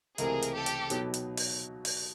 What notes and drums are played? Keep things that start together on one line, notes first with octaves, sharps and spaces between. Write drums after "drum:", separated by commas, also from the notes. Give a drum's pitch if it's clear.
C#2 C3 E3 A3 C4 G#4 A#4, drum: hi-hat
drum: hi-hat
G4 A4
drum: hi-hat
B2 F#3 B3 D#4, drum: hi-hat
drum: hi-hat
drum: open hi-hat
drum: open hi-hat